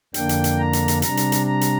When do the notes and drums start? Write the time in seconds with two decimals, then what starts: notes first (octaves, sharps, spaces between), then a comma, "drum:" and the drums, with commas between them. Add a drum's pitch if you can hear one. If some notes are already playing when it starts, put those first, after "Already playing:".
0.14 F2 D3 A#3 D4 G5, drum: hi-hat
0.29 drum: hi-hat
0.44 drum: hi-hat
0.59 A#5
0.73 drum: hi-hat
0.88 drum: hi-hat
1.02 C3 G3 D4 A#5, drum: hi-hat
1.17 drum: hi-hat
1.32 drum: hi-hat
1.46 A#5
1.61 drum: hi-hat